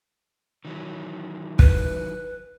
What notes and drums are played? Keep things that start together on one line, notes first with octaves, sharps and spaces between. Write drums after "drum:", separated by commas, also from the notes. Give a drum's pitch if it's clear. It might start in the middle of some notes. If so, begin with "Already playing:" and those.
D#3 E3 F#3
B4, drum: kick